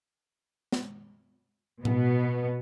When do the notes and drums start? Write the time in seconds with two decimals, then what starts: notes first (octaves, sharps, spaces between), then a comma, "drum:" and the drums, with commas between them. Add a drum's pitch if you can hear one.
0.72 drum: snare
1.85 B2 B3, drum: tom A2